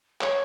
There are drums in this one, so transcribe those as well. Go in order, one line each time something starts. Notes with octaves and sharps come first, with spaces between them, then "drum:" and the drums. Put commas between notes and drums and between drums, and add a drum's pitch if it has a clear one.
C#5, drum: clap